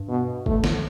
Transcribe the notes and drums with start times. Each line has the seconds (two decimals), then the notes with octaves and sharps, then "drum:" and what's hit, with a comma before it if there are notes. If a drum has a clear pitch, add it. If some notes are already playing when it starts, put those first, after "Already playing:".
Already playing: G2
0.09 B2
0.46 A3, drum: kick F#1
0.64 drum: snare